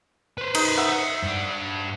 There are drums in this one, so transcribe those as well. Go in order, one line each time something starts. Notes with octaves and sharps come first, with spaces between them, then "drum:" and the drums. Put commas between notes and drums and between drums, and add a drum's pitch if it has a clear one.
B4 C5
D#4, drum: cymbal
E5 F#5
G2 D5